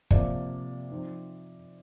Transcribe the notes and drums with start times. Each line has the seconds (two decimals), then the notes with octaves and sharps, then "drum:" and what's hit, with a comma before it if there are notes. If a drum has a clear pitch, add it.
0.11 C3 F3 A#3 D5, drum: kick
0.91 F3 C4 D#4